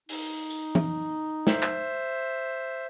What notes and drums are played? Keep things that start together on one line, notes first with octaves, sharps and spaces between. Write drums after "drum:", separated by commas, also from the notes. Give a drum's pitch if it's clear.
D#4, drum: open hi-hat
drum: tambourine
drum: tom
C5 E5, drum: snare
drum: clap